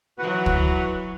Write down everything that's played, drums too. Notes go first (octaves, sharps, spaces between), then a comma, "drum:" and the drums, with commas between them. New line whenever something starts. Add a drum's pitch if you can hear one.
E3 F#3 F#4 B4 F#5
drum: kick